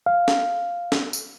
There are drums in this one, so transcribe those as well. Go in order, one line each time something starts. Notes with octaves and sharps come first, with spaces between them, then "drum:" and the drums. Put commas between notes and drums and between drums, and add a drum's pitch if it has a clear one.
F5
drum: snare
drum: snare
drum: tambourine